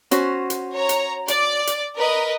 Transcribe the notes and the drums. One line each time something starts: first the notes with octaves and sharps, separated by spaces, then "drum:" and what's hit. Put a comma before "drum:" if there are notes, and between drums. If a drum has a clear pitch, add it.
C#4 F#4 C5, drum: hi-hat
drum: hi-hat
C#5 A#5
drum: hi-hat
D5, drum: hi-hat
drum: hi-hat
A#4 B4 D#5